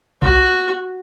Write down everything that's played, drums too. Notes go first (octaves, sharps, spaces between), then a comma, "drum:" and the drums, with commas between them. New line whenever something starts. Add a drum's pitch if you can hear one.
F#4, drum: kick C2